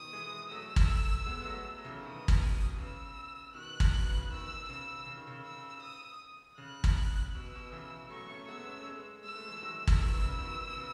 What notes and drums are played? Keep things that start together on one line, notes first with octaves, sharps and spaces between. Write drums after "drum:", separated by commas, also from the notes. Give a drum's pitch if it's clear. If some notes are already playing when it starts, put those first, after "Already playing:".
Already playing: B2 D#3 D#6
E3 G#3
F#3 A3 E6
drum: kick G#1
G#3 B3
B3
F#3 A3
F#3
C#3 E3
B2 D#3 D#6
drum: kick G#1
B2
B2
C#3 E6
B2 D#3 F#6
drum: kick G#1
B2
C#3
B2 D#3 E6
C#3 E6
C#3
D#3
C#3
E6
D#6
C#3 F#6
drum: kick G#1
B2 E6
B2
C#3 E3
F#3 A3 C#6
A3 C#4
G#3 B3 E6
A3 C#4
C#4
G#3 B3
G#3 E6
A3
E3 G#3
D#3 F#3 E6
drum: kick G#1
B2 D#3
B2
C#3
B2 D#3
B2
C#3